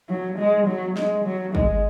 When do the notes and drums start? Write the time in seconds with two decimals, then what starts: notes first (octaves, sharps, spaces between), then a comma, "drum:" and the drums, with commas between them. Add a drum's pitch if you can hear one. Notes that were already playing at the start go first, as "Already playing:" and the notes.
0.09 F#3
0.39 G#3
0.67 F#3
0.97 G#3, drum: snare
1.25 F#3
1.55 G#3, drum: kick